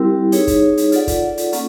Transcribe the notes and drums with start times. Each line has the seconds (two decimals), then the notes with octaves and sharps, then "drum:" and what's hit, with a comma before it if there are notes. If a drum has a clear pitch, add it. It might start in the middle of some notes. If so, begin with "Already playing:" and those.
Already playing: G3 C4 E4 G4 A#4
0.32 D#4 G#4 C#5, drum: hi-hat
0.47 drum: kick, hi-hat
0.77 drum: hi-hat
0.92 F4 A4 D5 F#5, drum: hi-hat
1.07 drum: kick, hi-hat
1.37 drum: hi-hat
1.53 A#3 C#4 F4 A4, drum: hi-hat